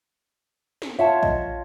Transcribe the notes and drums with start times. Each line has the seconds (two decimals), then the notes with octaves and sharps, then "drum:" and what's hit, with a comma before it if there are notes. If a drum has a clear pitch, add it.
0.82 drum: snare
0.99 F4 C#5 E5 F#5 A5
1.23 D#5, drum: kick A#1